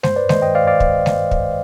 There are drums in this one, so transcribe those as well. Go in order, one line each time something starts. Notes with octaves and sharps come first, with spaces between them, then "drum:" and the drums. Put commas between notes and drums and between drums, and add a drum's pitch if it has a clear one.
G2 C5, drum: snare G#3
B4 D5
D#3 G#3 C5 D#5, drum: snare G#3
D#5 G5
G2 D5 F5
D5 F5
drum: kick
drum: snare G#3
drum: kick